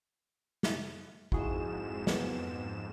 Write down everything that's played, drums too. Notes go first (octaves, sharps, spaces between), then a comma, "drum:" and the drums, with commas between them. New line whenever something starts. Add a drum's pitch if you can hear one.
drum: snare
F2 G#2 E4 F#4 G#4 E7, drum: kick
F#3 B3, drum: snare